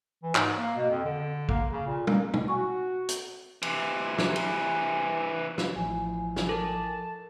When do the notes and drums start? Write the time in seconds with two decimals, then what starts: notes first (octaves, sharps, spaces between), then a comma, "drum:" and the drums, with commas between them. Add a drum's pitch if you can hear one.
0.23 E3
0.35 G#2, drum: clap
0.57 A#3
0.76 B2
0.90 F2
1.04 D3
1.49 A#3, drum: kick
1.70 C#3
1.87 A#2
2.07 A#3, drum: tom
2.34 drum: tom
2.48 F#4 G#5 C#6
3.09 drum: hi-hat
3.62 C3 E3, drum: cymbal
4.18 drum: snare
4.36 drum: cymbal
5.58 drum: snare
5.76 A1 F3 E4 G#5
6.36 drum: snare
6.49 A4 A#4 A5